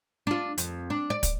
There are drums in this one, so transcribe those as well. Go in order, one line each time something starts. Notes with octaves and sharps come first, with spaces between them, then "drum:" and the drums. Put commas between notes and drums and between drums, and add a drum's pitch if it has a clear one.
D4 F4
F2, drum: hi-hat
D4
D5
drum: kick, hi-hat